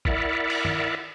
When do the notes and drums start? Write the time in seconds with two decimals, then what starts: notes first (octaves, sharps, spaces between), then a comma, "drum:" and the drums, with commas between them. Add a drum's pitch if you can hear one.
0.05 E4 A#4 D5 E5 F#5, drum: kick G#1
0.50 drum: cymbal
0.65 drum: tom